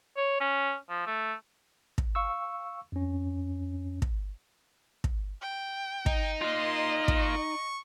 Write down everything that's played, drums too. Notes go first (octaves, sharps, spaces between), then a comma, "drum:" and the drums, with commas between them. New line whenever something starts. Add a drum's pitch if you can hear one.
C#5
C#4
F3
A3
drum: kick
F5 C#6 E6
F2 C#4
drum: kick
drum: kick
G5
D#4, drum: kick
F4 A#4 D#5 C6
drum: kick
C#6